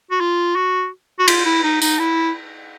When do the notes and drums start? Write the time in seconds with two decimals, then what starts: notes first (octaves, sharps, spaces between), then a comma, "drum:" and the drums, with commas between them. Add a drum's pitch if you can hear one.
0.11 F#4
0.20 F4
0.56 F#4
1.19 F#4
1.28 F4, drum: cymbal
1.46 E4
1.64 D#4
1.82 D#4, drum: tambourine
1.99 E4